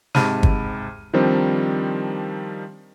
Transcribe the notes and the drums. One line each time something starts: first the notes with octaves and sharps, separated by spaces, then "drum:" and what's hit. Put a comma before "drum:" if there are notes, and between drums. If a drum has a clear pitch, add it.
G#2 C3 A5 B5 F6 D#7, drum: snare
drum: kick
D#3 F3 G3 C4 D4 D#4